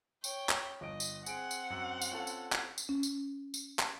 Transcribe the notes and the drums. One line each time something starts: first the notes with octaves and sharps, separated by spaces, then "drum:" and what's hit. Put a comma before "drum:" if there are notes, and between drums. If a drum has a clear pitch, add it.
C#5 G5, drum: tambourine
drum: clap
G1 D#5 D7
drum: tambourine
C4 G#4 F#5 G#5 D7, drum: tambourine
drum: tambourine
F#2 E6
drum: tambourine
C#4 F4 A4
drum: tambourine
drum: clap
drum: tambourine
C#4
drum: tambourine
drum: tambourine
drum: clap